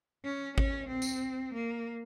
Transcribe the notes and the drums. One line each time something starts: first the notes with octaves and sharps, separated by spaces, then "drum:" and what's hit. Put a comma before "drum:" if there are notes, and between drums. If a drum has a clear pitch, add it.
C#4
C#4, drum: kick G#1
C4
drum: tambourine
A#3